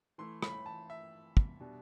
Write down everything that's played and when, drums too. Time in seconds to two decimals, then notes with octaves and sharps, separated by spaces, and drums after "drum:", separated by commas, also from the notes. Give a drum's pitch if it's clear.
0.18 E3 A3 E4 C6
0.43 B5, drum: rim click
0.66 A5
0.90 E5
1.37 drum: kick
1.60 B2 G3 D4